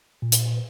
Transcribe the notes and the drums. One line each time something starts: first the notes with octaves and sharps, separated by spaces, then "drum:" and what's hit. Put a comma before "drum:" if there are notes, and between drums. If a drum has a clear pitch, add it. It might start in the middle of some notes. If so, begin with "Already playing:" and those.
A#2
drum: hi-hat